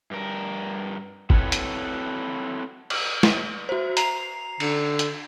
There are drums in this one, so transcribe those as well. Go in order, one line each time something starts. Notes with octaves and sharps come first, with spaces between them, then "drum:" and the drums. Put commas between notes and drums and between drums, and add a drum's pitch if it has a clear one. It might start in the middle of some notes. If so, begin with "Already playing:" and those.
G2 A#4
C4 E4 F#4 A4 B4 C#5, drum: kick
drum: hi-hat
drum: cymbal
drum: snare
F#4 C5
A#5 C7 F7, drum: hi-hat
D3, drum: cymbal
drum: hi-hat